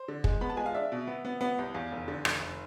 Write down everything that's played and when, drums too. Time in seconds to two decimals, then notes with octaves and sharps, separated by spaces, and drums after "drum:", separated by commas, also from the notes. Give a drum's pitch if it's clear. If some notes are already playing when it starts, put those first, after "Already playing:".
Already playing: C5
0.08 D3
0.24 G#3, drum: kick
0.41 B3 B5
0.50 A5
0.57 G#3 G#5
0.66 F5
0.74 D4 E5
0.92 B2
1.07 B3
1.25 B3
1.41 B3
1.59 C2
1.74 E2 F5
1.92 F1
2.08 D3
2.25 F1, drum: rim click
2.41 F1